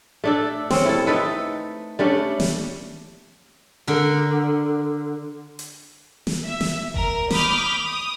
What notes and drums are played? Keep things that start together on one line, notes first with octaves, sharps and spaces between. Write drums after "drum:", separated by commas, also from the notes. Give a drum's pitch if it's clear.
A3 D4 A4
C4 C#4, drum: snare
E4 A4
A3 D#4 A4 B4
G3 A3 C#4 D4
drum: snare
D3 A#4
drum: hi-hat
drum: snare
E5
drum: snare
A#4, drum: kick F#1
B5 D6 D#6 F6 G6, drum: snare
D#6